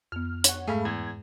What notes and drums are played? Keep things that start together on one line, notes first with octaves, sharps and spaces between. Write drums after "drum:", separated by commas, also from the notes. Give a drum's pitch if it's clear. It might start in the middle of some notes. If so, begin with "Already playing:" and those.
F2 B3 F6
C#5 F#5, drum: hi-hat
G#2 G#3 A3 G#4 F5 B5
E2 G#6